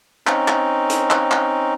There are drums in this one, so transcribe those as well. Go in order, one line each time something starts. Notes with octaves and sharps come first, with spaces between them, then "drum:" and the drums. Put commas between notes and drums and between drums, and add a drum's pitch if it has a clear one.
C4 C#4 D#4, drum: clap
drum: clap
drum: hi-hat
drum: clap
drum: clap